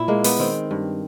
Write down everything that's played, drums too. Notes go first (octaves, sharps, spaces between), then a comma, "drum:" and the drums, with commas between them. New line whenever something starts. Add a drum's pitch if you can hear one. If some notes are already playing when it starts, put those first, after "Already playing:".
Already playing: A#2 E4
G#3 A#3
B3, drum: open hi-hat
D#3 C4
G2